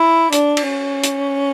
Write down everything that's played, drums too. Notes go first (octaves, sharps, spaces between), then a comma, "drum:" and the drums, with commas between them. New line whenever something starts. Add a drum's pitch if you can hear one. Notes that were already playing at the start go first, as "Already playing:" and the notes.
Already playing: E4
D4, drum: hi-hat
drum: cymbal
C#4
drum: hi-hat